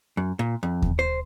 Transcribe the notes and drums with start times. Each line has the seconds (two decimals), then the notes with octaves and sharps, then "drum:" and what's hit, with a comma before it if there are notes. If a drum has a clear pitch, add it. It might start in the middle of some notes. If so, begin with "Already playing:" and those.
0.17 F#2
0.39 A#2
0.63 F2
0.82 drum: kick D#2
0.99 C5